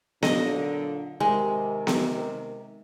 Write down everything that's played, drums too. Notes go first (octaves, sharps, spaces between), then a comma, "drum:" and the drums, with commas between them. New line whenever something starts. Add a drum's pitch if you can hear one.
A#2 D3 F#3 D#5, drum: snare B3
C3 D#3 G#3 A#4
drum: snare B3